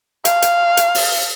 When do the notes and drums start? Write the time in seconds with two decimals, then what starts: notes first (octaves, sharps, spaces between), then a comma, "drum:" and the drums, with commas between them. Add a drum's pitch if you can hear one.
0.25 F5, drum: hi-hat
0.42 drum: hi-hat
0.77 drum: hi-hat
0.95 drum: open hi-hat